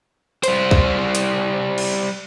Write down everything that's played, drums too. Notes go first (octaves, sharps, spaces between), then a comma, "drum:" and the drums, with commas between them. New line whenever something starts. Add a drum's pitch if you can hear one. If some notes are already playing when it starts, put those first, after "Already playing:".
G3 C5, drum: hi-hat
drum: kick
drum: hi-hat
drum: cymbal